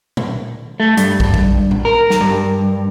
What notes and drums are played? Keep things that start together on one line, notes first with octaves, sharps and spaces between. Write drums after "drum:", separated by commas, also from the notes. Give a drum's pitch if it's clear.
drum: tom A#2
A3
G2, drum: hi-hat
drum: kick
drum: kick
drum: tom A2
A#4
drum: snare
G2